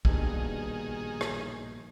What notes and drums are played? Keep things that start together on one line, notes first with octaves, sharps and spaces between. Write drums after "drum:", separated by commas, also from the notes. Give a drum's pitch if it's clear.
A#1 G2 B2 D#3 G#4, drum: kick
drum: rim click